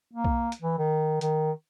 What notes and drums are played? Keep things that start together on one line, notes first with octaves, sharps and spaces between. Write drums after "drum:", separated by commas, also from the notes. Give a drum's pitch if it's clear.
A#3
drum: kick B1
drum: hi-hat
E3
D#3
D#3, drum: hi-hat